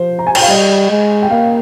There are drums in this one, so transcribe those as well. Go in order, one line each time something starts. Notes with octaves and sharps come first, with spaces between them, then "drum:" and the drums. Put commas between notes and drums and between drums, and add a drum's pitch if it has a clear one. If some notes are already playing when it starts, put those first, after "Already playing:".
Already playing: F3 C5
A#5
G#5
G5, drum: cymbal
F5
G3 D#5
G#3
G5
A#3 F5